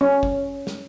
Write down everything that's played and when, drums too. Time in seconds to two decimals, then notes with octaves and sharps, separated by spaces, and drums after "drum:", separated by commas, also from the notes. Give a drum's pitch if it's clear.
0.01 C#4
0.23 drum: kick
0.67 drum: snare